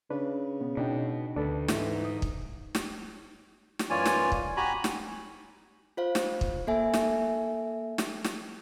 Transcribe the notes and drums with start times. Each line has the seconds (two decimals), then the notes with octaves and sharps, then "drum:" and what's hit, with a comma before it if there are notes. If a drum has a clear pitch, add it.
0.10 C#3 D4 B4
0.61 B2 B3
0.77 B2 D4 D#4 G5
1.37 D2 D4 A4 B4
1.68 G#2 E3, drum: snare
2.05 D#6
2.22 drum: kick
2.75 drum: snare
3.79 drum: snare
3.90 F#2 E3 F4 C#5 D5 G#5
4.05 drum: snare
4.32 drum: kick
4.57 F#4 G4 G#5 A#5 B5
4.84 drum: snare
5.97 F4 C5 F5
6.15 drum: snare
6.41 drum: kick
6.67 A#3 A4 E5 G#5
6.93 drum: snare
7.98 drum: snare
8.24 drum: snare